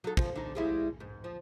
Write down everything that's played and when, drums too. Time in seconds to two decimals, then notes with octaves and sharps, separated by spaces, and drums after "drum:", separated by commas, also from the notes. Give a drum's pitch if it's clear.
0.04 F#3 D#4 A4
0.17 F3, drum: kick
0.36 D3 D#4
0.55 G3 G#3 E4
1.00 G#2
1.24 F3